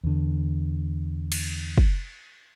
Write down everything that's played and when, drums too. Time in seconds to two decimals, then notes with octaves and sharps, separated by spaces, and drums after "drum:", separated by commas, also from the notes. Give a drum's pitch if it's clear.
0.04 E2 D3
1.32 drum: cymbal
1.78 drum: kick